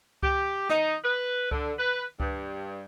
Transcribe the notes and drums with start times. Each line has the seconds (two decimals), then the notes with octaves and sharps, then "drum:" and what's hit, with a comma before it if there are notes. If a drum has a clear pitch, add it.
0.23 G4, drum: kick C#2
0.69 D#4, drum: snare
1.04 B4
1.51 D3, drum: kick C#2
1.79 B4
2.20 G2, drum: kick C#2